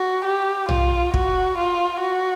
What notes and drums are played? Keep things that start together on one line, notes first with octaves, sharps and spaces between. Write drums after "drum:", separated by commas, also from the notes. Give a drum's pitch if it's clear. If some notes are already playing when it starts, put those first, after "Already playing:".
Already playing: F#4
G4
F4, drum: tom B1
F#4, drum: kick
F4
F#4